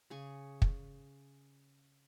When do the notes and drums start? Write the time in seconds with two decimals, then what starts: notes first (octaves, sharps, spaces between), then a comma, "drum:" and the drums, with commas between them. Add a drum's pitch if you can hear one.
0.10 C#3 G#4 C#6
0.62 drum: kick